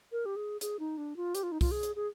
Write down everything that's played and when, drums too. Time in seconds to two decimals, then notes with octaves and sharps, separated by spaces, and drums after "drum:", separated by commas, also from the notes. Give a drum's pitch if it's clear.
0.12 A#4
0.26 G4
0.36 G#4
0.61 G#4, drum: hi-hat
0.79 D#4
0.98 D4
1.16 F4
1.35 G4, drum: hi-hat
1.43 F4
1.52 D#4
1.61 F4, drum: kick C2, open hi-hat
1.71 G#4
1.83 drum: hi-hat
1.96 G#4